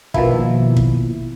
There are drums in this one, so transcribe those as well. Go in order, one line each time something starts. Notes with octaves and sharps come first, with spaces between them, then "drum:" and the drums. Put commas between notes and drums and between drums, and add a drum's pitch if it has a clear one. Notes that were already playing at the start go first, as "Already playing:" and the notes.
B2 D#3 F3 A#3 E4, drum: kick
drum: kick